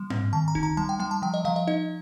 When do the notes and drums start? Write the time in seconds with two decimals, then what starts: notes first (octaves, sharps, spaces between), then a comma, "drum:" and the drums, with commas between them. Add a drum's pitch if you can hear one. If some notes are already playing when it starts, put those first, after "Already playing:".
Already playing: G3
0.10 C4, drum: tom G#2
0.33 D#3 A5
0.48 A#5
0.55 D#4, drum: kick C#2
0.63 A#5
0.77 G3 A5
0.89 G5
1.00 G3 G5
1.11 A5
1.22 F3 G5
1.34 D#5
1.45 F3 F5
1.56 D#5
1.67 D#4 D#5